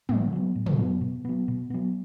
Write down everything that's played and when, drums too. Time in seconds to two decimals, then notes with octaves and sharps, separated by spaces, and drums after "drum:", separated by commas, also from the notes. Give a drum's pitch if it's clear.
0.09 A2, drum: tom
0.33 F#3 B3
0.56 A2
0.66 drum: tom
0.79 F#3 B3
1.01 B2
1.25 F#3 B3
1.48 B2
1.70 F#3 B3